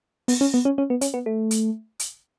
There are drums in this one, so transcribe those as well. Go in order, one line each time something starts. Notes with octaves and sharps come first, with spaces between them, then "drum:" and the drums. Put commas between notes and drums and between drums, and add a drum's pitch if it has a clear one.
B3, drum: open hi-hat
C#4
B3
C#4
C#4
B3
C#4, drum: hi-hat
B3
A3
drum: hi-hat
drum: hi-hat